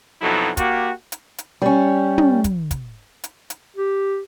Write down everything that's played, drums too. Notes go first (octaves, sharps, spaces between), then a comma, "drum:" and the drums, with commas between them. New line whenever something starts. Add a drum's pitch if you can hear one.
F2 B2 F#3 D#4 E4 A4
A#3 F#4 G4, drum: kick, hi-hat
drum: hi-hat
drum: hi-hat
G3 C#4
drum: tom
drum: kick, hi-hat
drum: kick, hi-hat
drum: hi-hat
drum: hi-hat
G4